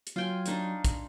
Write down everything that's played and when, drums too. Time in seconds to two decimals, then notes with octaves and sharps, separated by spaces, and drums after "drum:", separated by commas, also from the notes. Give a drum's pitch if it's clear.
0.07 drum: hi-hat
0.16 F#3 F4 G5 G#5
0.46 D4 D#4 C#6, drum: hi-hat
0.85 drum: kick, hi-hat